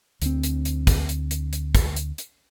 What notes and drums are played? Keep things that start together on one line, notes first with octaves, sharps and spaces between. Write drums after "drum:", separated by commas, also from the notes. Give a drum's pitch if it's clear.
D2 C4, drum: hi-hat
drum: hi-hat
drum: hi-hat
drum: kick, hi-hat
drum: hi-hat
drum: hi-hat
drum: hi-hat
drum: kick, hi-hat
drum: hi-hat
drum: hi-hat